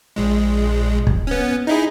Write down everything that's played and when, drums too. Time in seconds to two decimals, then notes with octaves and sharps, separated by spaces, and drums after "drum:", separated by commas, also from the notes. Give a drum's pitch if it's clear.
0.16 A#1 G#3
1.07 drum: kick
1.27 B3 C#4
1.67 D#4 E4 G#4